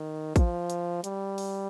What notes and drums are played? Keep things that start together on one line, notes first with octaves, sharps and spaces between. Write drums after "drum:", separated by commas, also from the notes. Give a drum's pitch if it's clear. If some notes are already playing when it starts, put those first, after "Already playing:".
Already playing: D#3
F3, drum: kick, hi-hat
drum: hi-hat
G3, drum: hi-hat
drum: open hi-hat